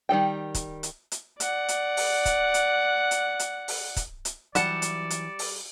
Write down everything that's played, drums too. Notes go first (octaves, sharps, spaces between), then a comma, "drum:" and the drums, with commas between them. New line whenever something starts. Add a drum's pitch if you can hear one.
D#3 G3 A4 G5
drum: kick, hi-hat
drum: hi-hat
drum: hi-hat
D5 F#5, drum: hi-hat
drum: hi-hat
drum: open hi-hat
drum: kick, hi-hat
drum: hi-hat
drum: hi-hat
drum: hi-hat
drum: open hi-hat
drum: kick, hi-hat
drum: hi-hat
E3 F#3 G3 D5 F#5 A5 C#7 E7, drum: hi-hat
drum: hi-hat
drum: hi-hat
drum: open hi-hat